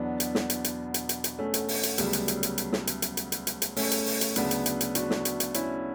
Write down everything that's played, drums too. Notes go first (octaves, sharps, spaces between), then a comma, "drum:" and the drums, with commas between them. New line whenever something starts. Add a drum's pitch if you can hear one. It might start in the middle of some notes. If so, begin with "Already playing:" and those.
Already playing: E2 B2 F#3 B3 D4
drum: hi-hat
drum: snare
drum: hi-hat
drum: hi-hat
drum: hi-hat
drum: hi-hat
drum: hi-hat
A3 C#4
drum: hi-hat
drum: open hi-hat
drum: hi-hat
D2 C#3 F#3 G3 B3, drum: hi-hat
drum: hi-hat
drum: hi-hat
drum: hi-hat
drum: hi-hat
drum: snare
drum: hi-hat
drum: hi-hat
drum: hi-hat
drum: hi-hat
drum: hi-hat
drum: hi-hat
A3 C#4, drum: open hi-hat
drum: hi-hat
drum: open hi-hat
drum: hi-hat
D2 C#3 F#3 B3 D4, drum: hi-hat
drum: hi-hat
drum: hi-hat
drum: hi-hat
D4 F#4, drum: hi-hat
drum: snare
drum: hi-hat
drum: hi-hat
C#4 E4, drum: hi-hat